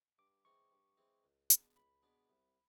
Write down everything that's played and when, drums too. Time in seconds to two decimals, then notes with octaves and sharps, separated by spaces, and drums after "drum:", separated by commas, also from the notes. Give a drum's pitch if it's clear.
0.19 G2 D6
0.45 E3 G#3 C4 C#6
0.72 G2
0.97 E3 G#3 C4
1.24 C#2
1.50 B2 G#3 B3 D4, drum: hi-hat
1.76 C#2 B5
2.02 B2 G#3 B3 D4
2.29 C2